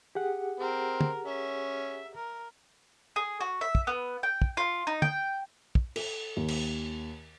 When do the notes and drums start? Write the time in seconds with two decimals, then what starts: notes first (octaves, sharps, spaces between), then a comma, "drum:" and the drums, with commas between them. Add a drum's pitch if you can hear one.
0.15 G4 G#4 F#5
0.60 C4 A#4
1.01 drum: tom
1.26 C#4 E5
2.15 A#4
3.16 G#4
3.41 F#4
3.61 E5
3.75 drum: kick
3.87 B3
4.23 G5
4.42 drum: kick
4.57 F4
4.87 D#4
5.02 G5, drum: tom
5.75 drum: kick
5.96 A4, drum: cymbal
6.37 D#2
6.48 drum: cymbal